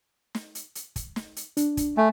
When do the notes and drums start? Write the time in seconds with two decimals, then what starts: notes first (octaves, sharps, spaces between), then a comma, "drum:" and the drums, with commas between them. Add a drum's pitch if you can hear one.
0.35 drum: snare
0.55 drum: hi-hat
0.75 drum: hi-hat
0.96 drum: kick, hi-hat
1.16 drum: snare
1.36 drum: hi-hat
1.57 D4, drum: hi-hat
1.77 drum: kick, hi-hat
1.97 A3 G#5